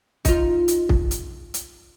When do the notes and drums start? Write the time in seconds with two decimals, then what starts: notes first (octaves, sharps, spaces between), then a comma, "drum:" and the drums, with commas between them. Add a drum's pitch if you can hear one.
0.25 D#4 F4, drum: kick, hi-hat
0.68 drum: hi-hat
0.89 drum: kick
1.11 drum: hi-hat
1.54 drum: hi-hat